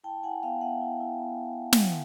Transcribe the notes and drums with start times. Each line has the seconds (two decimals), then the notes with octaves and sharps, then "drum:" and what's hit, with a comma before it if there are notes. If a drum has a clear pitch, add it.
0.04 E4 G5 A5
0.23 E4 F#5 G#5
0.43 B3 F5 G5
0.61 B3 E5 F#5
0.81 E4
1.00 E4
1.19 B3
1.73 drum: snare